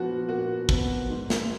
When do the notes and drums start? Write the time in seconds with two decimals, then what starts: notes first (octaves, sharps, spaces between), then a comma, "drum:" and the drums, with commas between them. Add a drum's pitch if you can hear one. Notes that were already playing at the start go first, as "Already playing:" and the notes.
Already playing: A#2 F3 B3 F#4
0.28 A#2 F#4
0.69 F3 B3, drum: kick
1.10 G#2
1.30 drum: snare